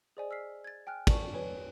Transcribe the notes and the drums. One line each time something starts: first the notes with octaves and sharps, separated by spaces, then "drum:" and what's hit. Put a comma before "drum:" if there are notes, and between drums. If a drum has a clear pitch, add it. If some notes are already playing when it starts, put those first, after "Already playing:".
G#4 C5 D5 D#5 G#5
E6 F6 B6 C7
G#6 A6
G5 G#5 F6 F#6
D5 A5 C#6, drum: kick, cymbal
B4 C#5 G#5